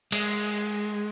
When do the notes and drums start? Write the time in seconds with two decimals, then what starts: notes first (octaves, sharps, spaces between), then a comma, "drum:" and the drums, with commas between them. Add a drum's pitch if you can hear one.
0.12 G#3, drum: cymbal